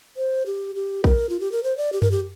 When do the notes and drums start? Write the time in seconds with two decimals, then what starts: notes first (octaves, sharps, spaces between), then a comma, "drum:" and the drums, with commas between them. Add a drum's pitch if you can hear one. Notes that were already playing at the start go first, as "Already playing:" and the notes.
0.17 C5
0.46 G4
0.75 G4
1.04 A#4, drum: kick A#1
1.29 F4
1.40 G4
1.52 A#4
1.63 C5
1.77 D5
1.93 G4
2.02 A#4, drum: tom F#2
2.11 G4